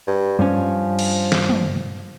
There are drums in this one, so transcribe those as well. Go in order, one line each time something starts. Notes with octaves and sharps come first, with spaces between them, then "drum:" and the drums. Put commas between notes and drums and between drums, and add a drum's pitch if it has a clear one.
G2
G2 F3 C#4
drum: cymbal
drum: snare
drum: tom